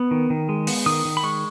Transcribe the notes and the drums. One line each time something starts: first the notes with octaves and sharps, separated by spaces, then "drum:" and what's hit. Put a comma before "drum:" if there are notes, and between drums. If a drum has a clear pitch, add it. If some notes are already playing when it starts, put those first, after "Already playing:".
Already playing: B3
D#3
D#3
G#3
B3, drum: open hi-hat
D#3 D#6
D#3
B5
G#3 C#6